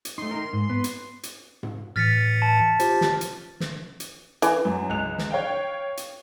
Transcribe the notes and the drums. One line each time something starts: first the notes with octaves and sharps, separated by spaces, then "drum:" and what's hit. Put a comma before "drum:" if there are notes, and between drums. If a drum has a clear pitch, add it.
drum: hi-hat
A3 D#4 C6
D#4 A#4
G#2
B3 B4
drum: hi-hat
drum: hi-hat
drum: tom G#2
A2 E3 F6 A6 B6 C#7
A5
F4 G4 C5, drum: hi-hat
drum: snare
drum: hi-hat
drum: snare
drum: hi-hat
E3, drum: hi-hat
F#2
C#2 F#6 F7
drum: snare
C#5 F5 G5
drum: hi-hat